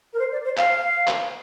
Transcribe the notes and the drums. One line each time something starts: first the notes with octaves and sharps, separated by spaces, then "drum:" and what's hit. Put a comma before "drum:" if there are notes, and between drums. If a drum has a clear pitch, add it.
A#4
C5
D5
C5
F5, drum: clap
drum: clap